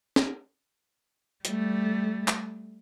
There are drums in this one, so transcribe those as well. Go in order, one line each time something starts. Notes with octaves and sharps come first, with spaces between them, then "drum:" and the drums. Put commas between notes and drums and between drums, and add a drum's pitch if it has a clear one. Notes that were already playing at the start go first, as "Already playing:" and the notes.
drum: snare
G3 A3, drum: hi-hat
drum: clap